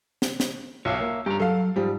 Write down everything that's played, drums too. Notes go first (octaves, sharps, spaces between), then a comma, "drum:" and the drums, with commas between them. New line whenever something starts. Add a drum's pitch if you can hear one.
drum: snare
drum: snare
B1 C#5 E5 F5
A#3
G2 G4 A#5
F#3 A4 F5
G#2 F3 G3